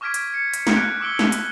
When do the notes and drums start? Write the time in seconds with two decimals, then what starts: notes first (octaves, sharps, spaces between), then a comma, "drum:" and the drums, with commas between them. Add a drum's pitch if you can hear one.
0.01 C#6 D6 F6 G#6 B6 D7
0.14 drum: hi-hat
0.34 C#7
0.54 drum: hi-hat
0.67 drum: snare
0.76 F6 F#6 D7
1.00 C#6 D6 E6 D7 G7
1.19 drum: snare
1.32 drum: hi-hat